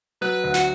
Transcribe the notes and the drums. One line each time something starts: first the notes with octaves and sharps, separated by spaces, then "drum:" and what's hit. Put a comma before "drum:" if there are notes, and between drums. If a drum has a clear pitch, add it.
F#3 B4
D2
F#4, drum: snare